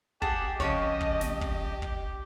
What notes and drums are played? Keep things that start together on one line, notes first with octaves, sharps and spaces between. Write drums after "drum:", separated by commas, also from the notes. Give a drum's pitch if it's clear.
G4 G#4 F#5 A5, drum: kick
C#3 F3 G4 C#5 D#5, drum: kick
drum: kick
drum: snare
drum: kick
drum: kick